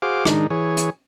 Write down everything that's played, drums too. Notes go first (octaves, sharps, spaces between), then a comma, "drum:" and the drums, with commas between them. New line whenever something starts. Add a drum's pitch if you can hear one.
F#4 G#4 C5 F5 D6
D#3 G#3 D4 D#4, drum: rim click
E3 G#4 C#5
drum: hi-hat